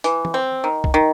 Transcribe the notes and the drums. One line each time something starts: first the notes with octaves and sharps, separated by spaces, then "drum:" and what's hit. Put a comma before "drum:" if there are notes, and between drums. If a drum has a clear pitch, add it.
E3, drum: hi-hat
drum: tom
C4
D#3
drum: kick
D#3